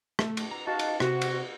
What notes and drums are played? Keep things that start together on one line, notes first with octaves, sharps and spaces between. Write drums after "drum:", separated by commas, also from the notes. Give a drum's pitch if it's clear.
A3, drum: rim click
drum: cymbal
A#5
D#4 F#4 F5 A5
drum: cymbal
C3 F#4, drum: rim click
drum: cymbal